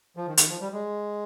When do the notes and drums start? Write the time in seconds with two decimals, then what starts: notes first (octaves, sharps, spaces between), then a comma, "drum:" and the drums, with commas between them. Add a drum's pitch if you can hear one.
0.17 F3
0.27 D#3
0.37 D#3, drum: hi-hat
0.49 F3
0.61 G3
0.72 G#3